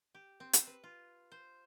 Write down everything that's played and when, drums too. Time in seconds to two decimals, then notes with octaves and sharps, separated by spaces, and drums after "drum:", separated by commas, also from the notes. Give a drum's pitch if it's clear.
0.15 G4
0.40 C4
0.53 C5, drum: hi-hat
0.67 B4
0.84 F4
1.32 C5